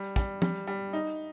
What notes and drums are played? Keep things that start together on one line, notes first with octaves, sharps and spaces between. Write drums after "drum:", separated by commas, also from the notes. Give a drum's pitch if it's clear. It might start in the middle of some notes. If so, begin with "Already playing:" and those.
Already playing: G3
G3, drum: kick
G3, drum: tom
G3
D#4